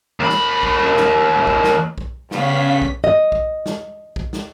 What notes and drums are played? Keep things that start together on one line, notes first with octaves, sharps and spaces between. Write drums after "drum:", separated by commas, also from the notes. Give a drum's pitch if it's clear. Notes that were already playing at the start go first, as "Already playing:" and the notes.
D#2 B5
drum: snare
drum: kick
drum: snare
drum: kick
drum: snare
drum: kick
G2 C#3 B3 C#4 F5 B6, drum: snare
drum: kick
D#5
drum: kick
drum: snare
drum: kick
drum: snare